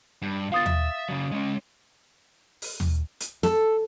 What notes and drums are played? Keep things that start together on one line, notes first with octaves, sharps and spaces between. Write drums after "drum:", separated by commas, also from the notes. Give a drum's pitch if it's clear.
G2
B3 F4 F5 D#6 A6
E5, drum: tom D#2
C#3 F#3
G#3 C#4
drum: open hi-hat
drum: tom D#2
drum: hi-hat
A4, drum: snare